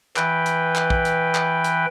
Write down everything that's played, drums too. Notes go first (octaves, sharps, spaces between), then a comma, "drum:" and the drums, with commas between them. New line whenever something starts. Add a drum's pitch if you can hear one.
E3 B4 G5, drum: clap
drum: hi-hat
drum: clap
drum: kick
drum: hi-hat
drum: clap
drum: hi-hat